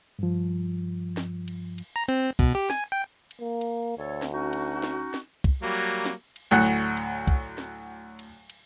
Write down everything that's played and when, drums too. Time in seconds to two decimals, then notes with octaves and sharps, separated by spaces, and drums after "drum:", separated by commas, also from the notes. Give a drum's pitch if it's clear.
0.19 G2 F3
1.17 drum: snare
1.48 drum: cymbal
1.78 drum: cymbal
1.96 A#5
2.08 C4, drum: cymbal
2.39 B2, drum: kick, cymbal
2.55 G4
2.70 G#5, drum: snare
2.92 G5
3.31 drum: cymbal
3.41 A#3
3.61 drum: cymbal
3.98 D2 A4 C#5
4.22 drum: snare
4.32 C#4 D#4 F#4
4.53 drum: cymbal
4.83 drum: snare
5.14 drum: snare
5.44 drum: kick, cymbal
5.62 F#3 G3 A#3
5.75 drum: cymbal
6.05 drum: snare
6.36 drum: cymbal
6.51 D2 A2 F#3 F#5 F#6
6.66 drum: cymbal
6.97 drum: cymbal
7.27 drum: kick, cymbal
7.58 drum: snare
8.19 drum: cymbal
8.50 drum: cymbal